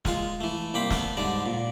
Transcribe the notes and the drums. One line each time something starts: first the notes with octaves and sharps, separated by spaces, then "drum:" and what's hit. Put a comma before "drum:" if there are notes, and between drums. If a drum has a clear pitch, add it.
G#3 F4, drum: snare
E3 A3
C2 A#3 G5 B5 C6
A3 B3, drum: snare
G#2 D3 G3 D5
A#2